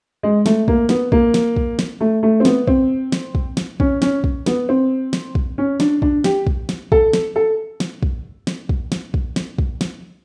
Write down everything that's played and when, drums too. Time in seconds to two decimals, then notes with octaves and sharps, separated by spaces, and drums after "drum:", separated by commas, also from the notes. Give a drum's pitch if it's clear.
0.23 G#3
0.46 A3, drum: snare
0.68 A#3, drum: kick
0.89 B3, drum: snare
1.12 A#3, drum: kick
1.34 drum: snare
1.56 drum: kick
1.79 drum: snare
2.01 A3
2.23 A3
2.40 C4
2.45 B3, drum: snare
2.68 C4, drum: kick
3.12 drum: snare
3.35 drum: kick
3.57 drum: snare
3.80 C#4, drum: kick
4.02 C#4, drum: snare
4.24 drum: kick
4.46 B3, drum: snare
4.69 C4
5.13 drum: snare
5.35 drum: kick
5.58 C#4
5.80 D4, drum: snare
6.02 D4, drum: kick
6.24 G4, drum: snare
6.47 drum: kick
6.69 drum: snare
6.92 A4, drum: kick
7.13 drum: snare
7.36 A4
7.80 drum: snare
8.03 drum: kick
8.47 drum: snare
8.69 drum: kick
8.92 drum: snare
9.14 drum: kick
9.36 drum: snare
9.59 drum: kick
9.81 drum: snare